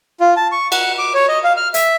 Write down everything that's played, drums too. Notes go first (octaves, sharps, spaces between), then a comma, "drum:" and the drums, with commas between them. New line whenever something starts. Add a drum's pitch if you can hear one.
F4
A5
C#6
F#5, drum: cymbal
D6
C#5
D#5
F5
F6
E5, drum: hi-hat